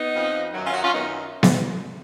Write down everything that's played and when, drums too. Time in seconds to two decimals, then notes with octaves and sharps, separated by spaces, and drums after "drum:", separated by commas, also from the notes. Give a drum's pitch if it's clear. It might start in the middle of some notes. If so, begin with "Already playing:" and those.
Already playing: B3 D#4
0.14 F2 F3
0.54 F#2 D#3 F#3
0.64 C#4 F4
0.73 D#4 F#4
0.83 C#4 F4
0.93 F#2 D#3 F#3 B3 D#4
1.43 drum: snare B3